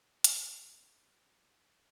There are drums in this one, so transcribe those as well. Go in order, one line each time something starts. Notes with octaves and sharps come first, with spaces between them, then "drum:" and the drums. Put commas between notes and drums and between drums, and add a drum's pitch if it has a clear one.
G#3, drum: hi-hat
C4